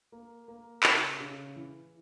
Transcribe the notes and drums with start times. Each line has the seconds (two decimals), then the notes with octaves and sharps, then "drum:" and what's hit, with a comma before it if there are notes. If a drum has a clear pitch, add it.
0.12 A#3
0.48 A#3
0.83 C#3, drum: clap
1.20 C#3
1.56 E3